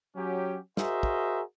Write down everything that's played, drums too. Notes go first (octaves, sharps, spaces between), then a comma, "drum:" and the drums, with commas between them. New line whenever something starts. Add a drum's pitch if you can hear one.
F#3 C#4 G4
F#4 G#4 A#4 C5 D#5 E5, drum: snare
drum: kick